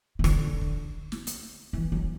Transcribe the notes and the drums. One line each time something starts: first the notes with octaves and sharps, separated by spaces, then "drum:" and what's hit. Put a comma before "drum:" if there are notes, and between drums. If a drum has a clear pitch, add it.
C#3
D3, drum: rim click
drum: kick
drum: snare
drum: hi-hat
E3
F#3